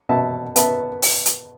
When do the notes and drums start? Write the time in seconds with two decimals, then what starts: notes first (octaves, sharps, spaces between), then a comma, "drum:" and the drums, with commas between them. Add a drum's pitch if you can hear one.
0.09 B2 E5 A5
0.56 B3 E5 A5, drum: hi-hat
1.02 drum: open hi-hat
1.26 drum: hi-hat